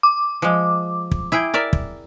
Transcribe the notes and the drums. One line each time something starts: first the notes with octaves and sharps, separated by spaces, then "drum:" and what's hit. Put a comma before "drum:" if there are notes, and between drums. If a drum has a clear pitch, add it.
D6
F3 G#3
drum: kick
E4 G#4 G5
A#4 D5 E5
drum: kick